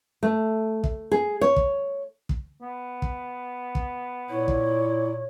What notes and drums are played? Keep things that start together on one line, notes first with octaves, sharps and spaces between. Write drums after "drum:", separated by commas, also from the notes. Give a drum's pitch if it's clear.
A3
drum: kick
G#4
C#5
drum: kick
drum: kick
B3
drum: kick
drum: kick
A#2 E4 C#5
drum: kick